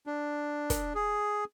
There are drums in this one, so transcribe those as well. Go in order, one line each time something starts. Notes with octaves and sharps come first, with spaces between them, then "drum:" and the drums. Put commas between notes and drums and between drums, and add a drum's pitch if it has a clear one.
D4
drum: kick, hi-hat
G#4